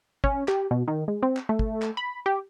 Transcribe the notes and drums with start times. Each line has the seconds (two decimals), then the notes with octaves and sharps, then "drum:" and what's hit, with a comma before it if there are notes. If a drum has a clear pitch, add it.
0.24 C#4, drum: kick
0.48 G4, drum: clap
0.71 B2
0.88 D#3
1.08 G#3
1.23 C4
1.37 drum: clap
1.49 A3
1.59 drum: kick
1.82 drum: clap
1.97 B5
2.26 G4